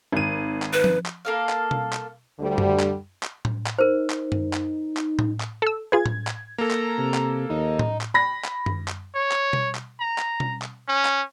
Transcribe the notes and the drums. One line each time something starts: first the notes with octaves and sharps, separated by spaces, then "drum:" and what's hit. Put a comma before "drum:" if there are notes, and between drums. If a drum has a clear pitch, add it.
G#1 D#7
drum: clap
B4
drum: tom F3
drum: clap
A#3 A4 F5
drum: clap
drum: tom B2
drum: clap
D2 D3 G3
drum: tom F#2
drum: clap
drum: clap
drum: tom A2
drum: clap
D#4 A#4 C5
drum: clap
drum: tom F#2
drum: clap
drum: clap
drum: tom A2
drum: clap
A4 E6
F4 G#4 B4 G#6
drum: tom A2
drum: clap
A#3 A4 A#5
drum: clap
C3
drum: clap
D#2 D#4
drum: tom A2
drum: clap
B5 A#6
drum: clap
drum: tom F#2
drum: clap
C#5
drum: clap
drum: tom B2
drum: clap
A#5
drum: clap
drum: tom B2
drum: clap
C#4
drum: clap